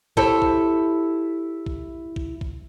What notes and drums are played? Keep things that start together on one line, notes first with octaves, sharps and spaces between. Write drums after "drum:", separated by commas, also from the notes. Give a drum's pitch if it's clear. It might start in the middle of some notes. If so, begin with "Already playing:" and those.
E4 G4 A4 C5 C#5, drum: kick
drum: kick
drum: kick
drum: kick
drum: kick